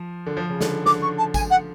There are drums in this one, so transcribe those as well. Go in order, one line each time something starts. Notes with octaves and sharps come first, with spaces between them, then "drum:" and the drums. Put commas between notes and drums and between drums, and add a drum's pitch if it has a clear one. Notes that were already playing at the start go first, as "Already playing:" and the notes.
Already playing: F3
D3
F3
C#3
D3, drum: snare
D3 D6, drum: snare
C#6
A5
G#5, drum: kick G#1, tambourine
F#5